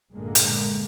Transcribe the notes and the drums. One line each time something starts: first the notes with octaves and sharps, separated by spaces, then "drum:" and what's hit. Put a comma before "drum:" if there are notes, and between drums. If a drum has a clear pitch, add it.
B1 G2 A#2 D3 G#3 A#3
drum: hi-hat